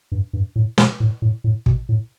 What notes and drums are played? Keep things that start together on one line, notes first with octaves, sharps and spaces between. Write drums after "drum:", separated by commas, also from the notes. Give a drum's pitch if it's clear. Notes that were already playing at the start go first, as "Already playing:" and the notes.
G2
G2
A2
B2, drum: snare
A2
A2
A2
B2, drum: kick
A2